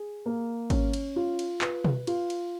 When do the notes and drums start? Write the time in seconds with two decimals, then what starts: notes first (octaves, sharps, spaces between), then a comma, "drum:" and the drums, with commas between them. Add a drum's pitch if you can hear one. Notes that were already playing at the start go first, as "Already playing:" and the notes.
Already playing: G#4
0.26 A#3
0.70 C#4, drum: kick, cymbal
0.93 drum: cymbal
1.16 F4
1.39 drum: cymbal
1.61 B4, drum: clap
1.85 drum: tom B2
2.07 F4, drum: cymbal
2.30 drum: cymbal